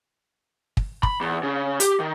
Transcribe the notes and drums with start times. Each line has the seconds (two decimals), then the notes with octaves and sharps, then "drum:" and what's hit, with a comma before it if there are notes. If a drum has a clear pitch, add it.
0.77 drum: kick
1.03 B5, drum: kick
1.21 E2
1.43 C#3
1.80 G4, drum: hi-hat
2.00 D#3